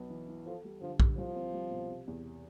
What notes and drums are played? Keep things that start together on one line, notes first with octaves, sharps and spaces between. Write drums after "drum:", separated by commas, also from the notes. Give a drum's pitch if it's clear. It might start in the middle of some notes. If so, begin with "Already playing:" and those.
Already playing: B1 B3
E3
E3
F3 A4
G3
D3 F3
G3, drum: kick A#1
C2 F3
C4
G3
B2
C3
E2